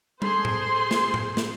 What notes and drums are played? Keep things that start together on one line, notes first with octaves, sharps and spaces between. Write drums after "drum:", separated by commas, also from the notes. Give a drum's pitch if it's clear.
G#4 A4 C5 C6, drum: tom G3
drum: tom A2
drum: snare
drum: tom A2
drum: snare